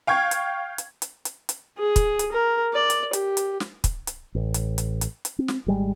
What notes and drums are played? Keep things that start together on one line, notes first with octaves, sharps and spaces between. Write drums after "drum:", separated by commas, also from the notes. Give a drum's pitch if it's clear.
F5 G5 C#6 G#6
drum: hi-hat
drum: hi-hat
drum: hi-hat
drum: hi-hat
drum: hi-hat
G#4
drum: kick, hi-hat
drum: hi-hat
A#4
D5
drum: hi-hat
G4, drum: hi-hat
drum: hi-hat
drum: snare
drum: kick, hi-hat
drum: hi-hat
A1
drum: hi-hat
drum: hi-hat
drum: hi-hat
drum: hi-hat
C4
drum: snare
G#1 G3 G#3